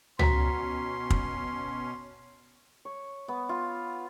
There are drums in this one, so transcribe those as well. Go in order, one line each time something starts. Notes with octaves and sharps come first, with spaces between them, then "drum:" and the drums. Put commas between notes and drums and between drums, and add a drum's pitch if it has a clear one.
B2 C#4 F#4 A#5 C6 B6, drum: tom
drum: kick
C#5
B3
F4